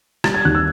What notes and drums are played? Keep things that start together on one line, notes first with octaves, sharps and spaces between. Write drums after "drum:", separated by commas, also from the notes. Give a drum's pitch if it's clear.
G3 A6, drum: rim click
G#6
D#2 F#6
E6